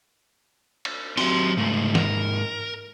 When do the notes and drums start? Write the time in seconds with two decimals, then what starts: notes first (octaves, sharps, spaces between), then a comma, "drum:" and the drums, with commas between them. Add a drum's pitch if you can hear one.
0.85 drum: cymbal
1.17 F#3 C4 F#4 G4 C6, drum: open hi-hat
1.57 G#2 C#3 A3 A#3
1.95 A#4, drum: snare